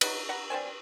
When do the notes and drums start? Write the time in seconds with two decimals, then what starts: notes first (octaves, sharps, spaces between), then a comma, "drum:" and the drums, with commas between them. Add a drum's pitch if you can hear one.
0.01 F#3 D#4 B4, drum: cymbal
0.29 B4 F#5 A#5
0.50 G3 C4 C5 G#5